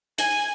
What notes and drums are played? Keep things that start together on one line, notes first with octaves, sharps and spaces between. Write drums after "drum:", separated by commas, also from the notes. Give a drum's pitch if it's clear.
G#5, drum: hi-hat